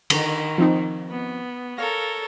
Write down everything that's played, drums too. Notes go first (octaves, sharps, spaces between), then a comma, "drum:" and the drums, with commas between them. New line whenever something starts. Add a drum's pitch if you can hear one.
D3 D#3, drum: cymbal
F3 C4 D#4
B3
A4 A#4 C#5 F5 A#6